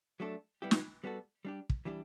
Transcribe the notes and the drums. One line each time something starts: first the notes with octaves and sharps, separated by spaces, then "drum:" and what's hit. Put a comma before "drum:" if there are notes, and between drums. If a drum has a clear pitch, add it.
F#3 A3 D4 A4
G3 B3 E4 G4
drum: snare
G3 B3 F#4 A4
G3 D4 G4
drum: kick
E3 G3 D4 G4